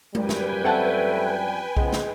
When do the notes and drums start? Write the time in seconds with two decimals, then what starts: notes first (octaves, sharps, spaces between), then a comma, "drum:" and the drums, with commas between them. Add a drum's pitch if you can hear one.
0.15 F#2 A#2 F3 G3 B4 G5 G#5, drum: tom G#3
0.29 drum: snare
0.64 A3 C4 F#5 A5
1.77 C#3 F3 G#3 B3, drum: kick B1
1.93 drum: snare